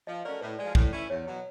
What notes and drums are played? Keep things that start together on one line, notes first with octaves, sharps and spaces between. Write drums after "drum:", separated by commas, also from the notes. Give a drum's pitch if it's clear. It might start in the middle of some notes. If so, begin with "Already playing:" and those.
F3 D#5
A3 C#4 F#4 A#4 D5
A2 B4
F3 G#3 D5
A2, drum: kick
E3 A3 C#4 E4
E2 C#5
B2 F#3